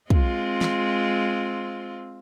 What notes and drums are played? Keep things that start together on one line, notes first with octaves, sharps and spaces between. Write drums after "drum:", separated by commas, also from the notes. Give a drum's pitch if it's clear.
G#3 C4 F4, drum: kick
drum: snare